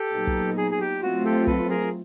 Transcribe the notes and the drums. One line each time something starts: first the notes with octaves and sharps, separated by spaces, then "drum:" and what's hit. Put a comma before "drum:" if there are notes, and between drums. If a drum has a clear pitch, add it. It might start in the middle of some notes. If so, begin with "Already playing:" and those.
Already playing: G4 A4
A#2 F#3 B3 D#4
drum: kick
G#4
G#4
G4
F#3 A3 C4 F4 F#4
G4 A4
A4 B4, drum: kick
G#4 A#4